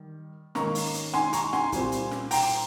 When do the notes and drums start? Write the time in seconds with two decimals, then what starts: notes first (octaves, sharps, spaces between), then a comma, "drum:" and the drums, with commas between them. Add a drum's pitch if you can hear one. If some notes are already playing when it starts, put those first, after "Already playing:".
Already playing: D#3 G3
0.55 G#2 D#3 A#3 C#4 A#5 C#6, drum: snare
0.75 drum: open hi-hat
0.94 drum: hi-hat
1.14 G#5 C6, drum: snare
1.33 A#5 C#6, drum: hi-hat
1.53 G#5 C6, drum: snare
1.72 A#2 G3 C4, drum: kick, hi-hat
1.92 drum: hi-hat
2.11 drum: snare
2.31 G5 A#5, drum: open hi-hat